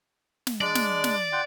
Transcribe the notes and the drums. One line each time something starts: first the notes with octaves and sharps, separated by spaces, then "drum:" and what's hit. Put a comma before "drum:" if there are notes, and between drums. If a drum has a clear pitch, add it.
drum: snare
G#3 D4 D5
drum: snare
drum: snare
F4 F#5 G5